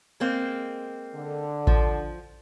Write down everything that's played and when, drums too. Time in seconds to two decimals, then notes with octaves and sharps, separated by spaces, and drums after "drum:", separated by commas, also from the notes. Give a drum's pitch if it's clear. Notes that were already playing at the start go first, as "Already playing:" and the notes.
0.20 G#3 A#3 C4
1.15 D3
1.67 F3, drum: kick A1